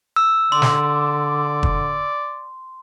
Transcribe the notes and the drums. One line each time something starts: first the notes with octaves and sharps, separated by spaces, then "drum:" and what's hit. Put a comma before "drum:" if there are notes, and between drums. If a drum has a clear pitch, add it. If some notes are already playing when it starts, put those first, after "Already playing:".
E6
D3 D5 C6
drum: snare
drum: kick